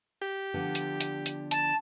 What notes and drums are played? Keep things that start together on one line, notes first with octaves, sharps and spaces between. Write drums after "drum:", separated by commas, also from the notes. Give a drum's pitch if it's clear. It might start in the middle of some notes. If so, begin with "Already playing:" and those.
G4
D3 F3 B3
drum: hi-hat
drum: hi-hat
drum: hi-hat
A5, drum: hi-hat